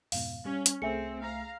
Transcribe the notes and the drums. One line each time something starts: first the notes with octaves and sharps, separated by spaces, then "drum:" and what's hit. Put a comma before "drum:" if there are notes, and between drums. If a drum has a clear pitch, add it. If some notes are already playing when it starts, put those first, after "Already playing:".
F2 G#2 B2 F5, drum: open hi-hat
G3 C#4 F6
drum: hi-hat
C2 A3 C4 G#4 E5 G#5 C#7
F5 A#5